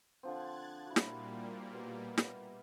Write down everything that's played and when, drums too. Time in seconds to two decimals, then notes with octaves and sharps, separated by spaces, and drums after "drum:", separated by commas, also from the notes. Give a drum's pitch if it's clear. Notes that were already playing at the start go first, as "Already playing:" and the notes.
0.23 D3 F3 C4 F#6 G#6 A6
0.87 A#2 G3 A#3 E4 F#4
0.96 drum: snare
1.74 B2
2.18 drum: snare